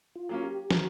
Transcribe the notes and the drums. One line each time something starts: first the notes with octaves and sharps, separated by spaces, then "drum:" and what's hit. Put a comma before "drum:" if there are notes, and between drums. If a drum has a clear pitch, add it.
F4
F#3 A#3 C#4
G4
D#3 F#4, drum: snare